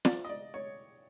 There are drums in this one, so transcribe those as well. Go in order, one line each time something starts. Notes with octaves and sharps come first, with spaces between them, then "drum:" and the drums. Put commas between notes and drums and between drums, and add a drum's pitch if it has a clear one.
D5, drum: snare
D#5
D5
C#5